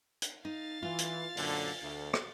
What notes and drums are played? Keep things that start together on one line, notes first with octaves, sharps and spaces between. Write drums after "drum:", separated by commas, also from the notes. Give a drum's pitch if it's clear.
drum: hi-hat
D#4 F5 A6
E3 F4
drum: hi-hat
F#2 A#2 D3, drum: open hi-hat
D2
drum: rim click